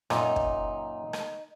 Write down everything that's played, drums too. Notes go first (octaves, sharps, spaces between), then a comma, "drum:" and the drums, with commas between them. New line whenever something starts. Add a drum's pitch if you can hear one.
F#2 A#2 D#4, drum: rim click
drum: kick
drum: rim click